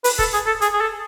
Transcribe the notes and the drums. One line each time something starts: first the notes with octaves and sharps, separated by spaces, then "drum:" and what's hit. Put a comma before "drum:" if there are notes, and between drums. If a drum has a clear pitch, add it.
B4, drum: open hi-hat
A4, drum: kick
G#4, drum: hi-hat
A4
G#4, drum: hi-hat
G#4
A4